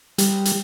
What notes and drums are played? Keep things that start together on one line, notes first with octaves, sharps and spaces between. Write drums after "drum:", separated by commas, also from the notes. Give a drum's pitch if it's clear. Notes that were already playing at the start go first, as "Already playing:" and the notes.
G3, drum: hi-hat
drum: hi-hat